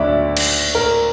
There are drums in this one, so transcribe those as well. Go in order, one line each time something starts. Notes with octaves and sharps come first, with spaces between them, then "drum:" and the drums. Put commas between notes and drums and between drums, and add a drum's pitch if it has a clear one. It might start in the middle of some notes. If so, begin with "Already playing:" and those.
Already playing: D2 D3 A3 D5 E5
drum: cymbal
A#4